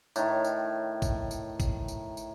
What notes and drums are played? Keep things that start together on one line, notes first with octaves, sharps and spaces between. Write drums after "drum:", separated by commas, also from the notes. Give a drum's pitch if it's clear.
A2 D#3, drum: tambourine
drum: tambourine
drum: kick, tambourine
drum: tambourine
drum: kick, tambourine
drum: tambourine
drum: tambourine